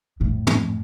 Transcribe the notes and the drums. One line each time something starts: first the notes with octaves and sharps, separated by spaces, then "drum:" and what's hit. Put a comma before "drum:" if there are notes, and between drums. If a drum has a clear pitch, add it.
F2 A2
drum: tom